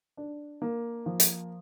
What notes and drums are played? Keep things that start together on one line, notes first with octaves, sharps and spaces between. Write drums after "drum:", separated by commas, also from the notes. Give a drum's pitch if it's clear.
D4
A#3
F3
drum: hi-hat